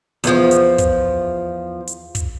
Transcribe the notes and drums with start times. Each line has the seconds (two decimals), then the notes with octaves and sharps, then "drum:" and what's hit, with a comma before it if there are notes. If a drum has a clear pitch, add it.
0.24 E2 F3, drum: hi-hat
0.51 drum: hi-hat
0.78 drum: kick, hi-hat
1.87 drum: hi-hat
2.15 drum: kick, hi-hat